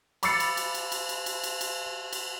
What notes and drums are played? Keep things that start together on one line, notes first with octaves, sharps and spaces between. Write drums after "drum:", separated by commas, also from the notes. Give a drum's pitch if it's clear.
B5 D6 E6 A6 C7 C#7, drum: cymbal
drum: cymbal
drum: cymbal
drum: cymbal
drum: cymbal
drum: cymbal
drum: cymbal
drum: cymbal
drum: cymbal
drum: cymbal